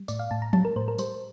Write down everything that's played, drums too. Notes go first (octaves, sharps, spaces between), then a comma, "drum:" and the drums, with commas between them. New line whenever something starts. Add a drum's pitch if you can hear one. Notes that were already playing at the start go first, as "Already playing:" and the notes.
Already playing: G3
A2 D5, drum: tambourine
F5
A2 A5
A#5
G3 A5, drum: tom F3
A#4
A2 C5
A#4
G3 C5, drum: tambourine